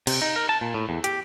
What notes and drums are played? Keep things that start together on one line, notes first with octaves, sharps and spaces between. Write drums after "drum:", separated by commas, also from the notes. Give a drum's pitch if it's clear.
C3, drum: cymbal
D#4
A#4
A5
A#2
A2
E2
G4, drum: hi-hat